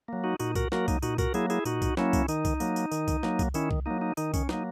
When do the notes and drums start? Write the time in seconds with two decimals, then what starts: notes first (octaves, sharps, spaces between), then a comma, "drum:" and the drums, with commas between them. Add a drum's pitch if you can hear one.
0.08 F#3 A#3
0.24 D#4 F#4
0.40 A#2 D#4 F#4, drum: tambourine
0.55 F#4 A#4, drum: kick C2, tambourine
0.72 F#3 A#3 F#4 A#4, drum: snare
0.88 D#4, drum: kick C2, tambourine
1.02 A#2 D#4 F#4, drum: tambourine
1.18 F#4 A#4, drum: kick C2, tambourine
1.34 F#3 A#3 E4 G#4, drum: tambourine
1.50 E4 G#4, drum: tambourine
1.65 A#2 D#4 F#4, drum: tambourine
1.82 drum: kick C2, tambourine
1.97 F#3 A#3 C#4 E4, drum: snare
2.13 drum: kick C2, tambourine
2.28 D#3 D#4, drum: tambourine
2.45 drum: kick C2, tambourine
2.60 F#3 A#3, drum: tambourine
2.76 drum: tambourine
2.91 D#3, drum: tambourine
3.08 drum: kick C2, tambourine
3.23 F#3 A#3, drum: snare
3.39 drum: kick C2, tambourine
3.54 D#3 C#4 E4, drum: tambourine
3.71 drum: kick C2
3.86 F#3 A#3 D#4
4.02 D#4
4.17 D#3 D#4, drum: tambourine
4.34 C#4, drum: kick C2, tambourine
4.49 F#3 A#3 D#4, drum: snare